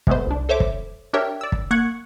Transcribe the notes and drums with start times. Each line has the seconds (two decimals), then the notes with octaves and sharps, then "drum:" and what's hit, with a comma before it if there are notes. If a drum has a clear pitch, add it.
0.07 C3 G#3 A3 B3 C5, drum: kick
0.27 C2 D4
0.49 A4 C5 C#5 E5 D6
0.60 drum: kick
1.13 D4 G4 A#4 C#5 E5 G5
1.41 D5 E6
1.52 drum: kick
1.71 A#3 F#5 C#6 F#6 G#6